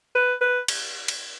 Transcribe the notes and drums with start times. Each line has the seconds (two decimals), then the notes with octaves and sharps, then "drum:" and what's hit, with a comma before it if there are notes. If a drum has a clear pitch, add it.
0.15 B4
0.41 B4
0.68 drum: cymbal
1.08 drum: cymbal